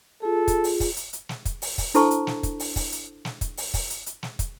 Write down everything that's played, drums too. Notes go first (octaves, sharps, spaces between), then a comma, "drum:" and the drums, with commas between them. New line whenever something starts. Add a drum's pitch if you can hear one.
F4 G#4 A4
drum: kick, hi-hat
drum: open hi-hat
drum: kick, open hi-hat
drum: hi-hat
drum: hi-hat
drum: snare
drum: kick, hi-hat
drum: open hi-hat
drum: kick, open hi-hat
D4 E4 A4 C5 A5 C#6, drum: hi-hat
drum: hi-hat
drum: snare
drum: kick, hi-hat
drum: open hi-hat
drum: kick, open hi-hat
drum: hi-hat
drum: snare
drum: kick, hi-hat
drum: open hi-hat
drum: kick, open hi-hat
drum: hi-hat
drum: hi-hat
drum: snare
drum: kick, hi-hat